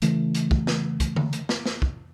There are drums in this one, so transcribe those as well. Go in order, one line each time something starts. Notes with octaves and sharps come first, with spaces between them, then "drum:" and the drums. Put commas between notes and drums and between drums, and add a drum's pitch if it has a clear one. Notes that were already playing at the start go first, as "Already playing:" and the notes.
C#3 E3 A3, drum: hi-hat
drum: hi-hat
drum: kick
drum: snare
drum: kick, hi-hat
drum: tom D3
drum: hi-hat
drum: snare
drum: snare
drum: kick